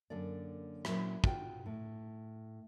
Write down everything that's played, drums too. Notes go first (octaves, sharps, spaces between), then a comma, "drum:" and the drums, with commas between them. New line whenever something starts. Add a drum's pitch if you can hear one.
F#2 D3 A#3 D5
A#2 F#3 C#4 E4, drum: rim click
F4 F#4 E5 G5, drum: kick
A2